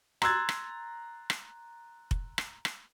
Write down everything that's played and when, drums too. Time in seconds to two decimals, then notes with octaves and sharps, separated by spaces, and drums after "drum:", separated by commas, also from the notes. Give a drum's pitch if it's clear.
0.22 A#5 C6 E6 F#6 G#6 A6, drum: rim click
0.49 drum: rim click
1.30 drum: rim click
2.11 drum: kick F1
2.38 drum: rim click
2.65 drum: rim click